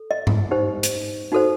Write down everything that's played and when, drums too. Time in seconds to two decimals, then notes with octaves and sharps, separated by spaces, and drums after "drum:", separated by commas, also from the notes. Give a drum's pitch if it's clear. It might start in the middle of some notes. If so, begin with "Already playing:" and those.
Already playing: A4
0.11 D#5
0.27 drum: tom G#2
0.51 D#4 G4 C5
0.83 drum: hi-hat
1.32 D#4 F#4 A4 C5